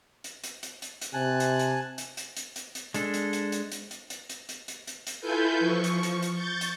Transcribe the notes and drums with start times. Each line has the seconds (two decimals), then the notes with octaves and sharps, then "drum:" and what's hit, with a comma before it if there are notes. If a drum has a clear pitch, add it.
0.24 drum: hi-hat
0.44 drum: hi-hat
0.63 drum: hi-hat
0.82 drum: hi-hat
1.01 drum: hi-hat
1.14 C3 G#5 A5 F#6
1.40 drum: hi-hat
1.59 drum: hi-hat
1.98 drum: hi-hat
2.17 drum: hi-hat
2.37 drum: hi-hat
2.56 drum: hi-hat
2.75 drum: hi-hat
2.94 G#3 D4 A4, drum: hi-hat
3.14 drum: hi-hat
3.33 drum: hi-hat
3.52 drum: hi-hat
3.72 drum: hi-hat
3.91 drum: hi-hat
4.10 drum: hi-hat
4.30 drum: hi-hat
4.49 drum: hi-hat
4.68 drum: hi-hat
4.87 drum: hi-hat
5.07 drum: hi-hat
5.21 E4 F4 A4 B4 G#5 G6
5.60 F3 C#6
5.84 drum: hi-hat
6.03 drum: hi-hat
6.22 drum: hi-hat
6.34 C#6 G6 A6
6.61 drum: hi-hat